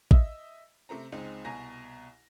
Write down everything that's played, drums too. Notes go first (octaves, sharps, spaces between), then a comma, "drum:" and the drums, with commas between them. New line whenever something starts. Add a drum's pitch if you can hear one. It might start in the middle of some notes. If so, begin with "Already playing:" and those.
D#5 E5 E6, drum: kick
C3 A3 C4 A#5
C#2 G#3 C4 D#4
C2 B2 G#5 A#5 A#6